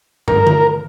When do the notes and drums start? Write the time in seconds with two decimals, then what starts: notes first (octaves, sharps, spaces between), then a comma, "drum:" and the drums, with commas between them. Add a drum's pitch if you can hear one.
0.28 A#4, drum: tom
0.47 drum: tom D3